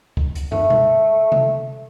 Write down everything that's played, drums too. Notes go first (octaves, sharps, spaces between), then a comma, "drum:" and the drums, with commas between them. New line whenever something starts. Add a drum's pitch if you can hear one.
drum: kick
drum: hi-hat
A3, drum: tom
drum: tom
drum: tom C3